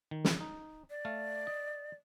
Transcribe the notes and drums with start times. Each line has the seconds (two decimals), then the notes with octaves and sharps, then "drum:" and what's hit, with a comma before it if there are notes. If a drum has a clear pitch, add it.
0.11 D#3
0.25 drum: snare
0.41 D#4
0.90 D5
1.05 A3 F5
1.47 D#5